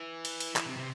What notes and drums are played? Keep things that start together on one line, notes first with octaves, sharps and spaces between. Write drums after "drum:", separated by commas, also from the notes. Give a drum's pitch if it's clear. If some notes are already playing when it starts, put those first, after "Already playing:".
Already playing: E3
drum: cymbal
drum: cymbal
E3, drum: clap
C3
C3